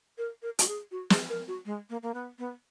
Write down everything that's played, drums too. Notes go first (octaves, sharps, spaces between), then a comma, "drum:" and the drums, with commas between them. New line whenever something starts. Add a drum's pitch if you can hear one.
A#4
A#4
F#4, drum: hi-hat
G#4
F#4
G#4, drum: snare
A#4
F#4
G#3
A#3
A#3
B3
B3